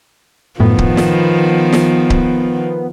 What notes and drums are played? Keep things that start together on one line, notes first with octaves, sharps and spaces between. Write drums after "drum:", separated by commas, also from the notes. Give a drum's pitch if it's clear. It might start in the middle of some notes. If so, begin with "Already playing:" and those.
F#2 A2 D#3 F3 B3
drum: kick C#1
drum: snare
drum: snare
drum: kick C#1